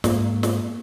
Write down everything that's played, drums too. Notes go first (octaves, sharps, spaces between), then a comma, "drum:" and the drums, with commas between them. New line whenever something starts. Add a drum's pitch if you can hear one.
G#2 A#3, drum: snare
drum: snare